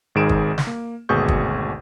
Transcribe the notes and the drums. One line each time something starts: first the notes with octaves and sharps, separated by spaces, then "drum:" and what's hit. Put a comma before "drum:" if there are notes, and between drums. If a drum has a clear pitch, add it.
G#1 G#2 D#3 G#4 D7 E7
drum: kick
drum: snare
A#3
G#1 D2 B2 G#4 C#6 G6
drum: kick